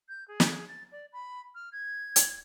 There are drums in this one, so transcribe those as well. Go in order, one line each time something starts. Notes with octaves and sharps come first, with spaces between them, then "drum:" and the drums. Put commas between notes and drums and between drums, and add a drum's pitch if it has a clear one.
G6
G#4
drum: snare
A6
D5
B5
F6
G#6
drum: hi-hat